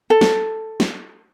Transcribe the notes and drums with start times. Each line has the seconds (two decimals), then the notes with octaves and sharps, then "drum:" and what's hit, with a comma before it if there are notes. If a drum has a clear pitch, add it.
0.10 A4
0.21 drum: snare
0.80 drum: snare